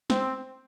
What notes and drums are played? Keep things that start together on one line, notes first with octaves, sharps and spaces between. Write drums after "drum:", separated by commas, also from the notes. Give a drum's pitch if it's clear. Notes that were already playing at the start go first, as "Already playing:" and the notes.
C4, drum: snare